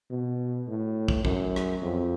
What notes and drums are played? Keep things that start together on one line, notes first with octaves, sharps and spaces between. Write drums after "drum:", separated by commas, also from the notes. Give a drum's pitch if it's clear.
B2
A2
drum: kick
F#2, drum: kick
drum: rim click
F2